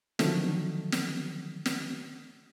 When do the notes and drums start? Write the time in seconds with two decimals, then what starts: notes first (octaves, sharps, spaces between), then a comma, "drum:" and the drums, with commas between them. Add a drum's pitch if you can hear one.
0.19 D3 D#3 F3 F#3 A3, drum: snare
0.92 drum: snare
1.66 drum: snare